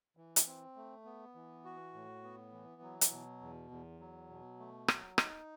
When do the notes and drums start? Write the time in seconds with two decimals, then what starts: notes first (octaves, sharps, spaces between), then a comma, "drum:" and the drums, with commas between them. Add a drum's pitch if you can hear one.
0.17 E3
0.36 drum: hi-hat
0.46 C4
0.76 A3
1.05 B3
1.35 E3
1.65 F#4
1.94 A2
2.23 B3
2.53 E3
2.82 F#3
3.01 drum: hi-hat
3.12 B2
3.41 E2
3.71 E2
4.00 F#3
4.29 B2
4.59 A3
4.88 F#3, drum: rim click
5.18 D#4, drum: rim click